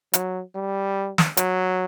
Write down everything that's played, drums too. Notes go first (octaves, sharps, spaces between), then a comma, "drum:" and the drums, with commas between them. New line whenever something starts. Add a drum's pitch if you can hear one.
F#3, drum: hi-hat
G3
drum: snare
F#3, drum: hi-hat